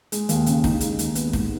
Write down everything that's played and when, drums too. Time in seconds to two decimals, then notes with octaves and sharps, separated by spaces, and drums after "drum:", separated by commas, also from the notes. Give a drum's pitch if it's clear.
0.12 G#3, drum: hi-hat
0.29 D#2, drum: hi-hat
0.46 C#3, drum: hi-hat
0.64 D#4, drum: kick, open hi-hat
0.81 G#3, drum: hi-hat
0.99 D#2, drum: hi-hat
1.15 B3, drum: hi-hat
1.33 G#2, drum: kick, open hi-hat